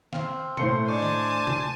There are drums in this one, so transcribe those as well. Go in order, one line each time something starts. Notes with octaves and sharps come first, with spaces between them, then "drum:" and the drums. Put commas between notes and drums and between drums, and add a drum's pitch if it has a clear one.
C4 F5, drum: snare
A2 E3 A3 C5 F5 C6 C#7, drum: tom B2
D4 C5 D5 D#5 G#5 A5 C#6
drum: snare
drum: tom C3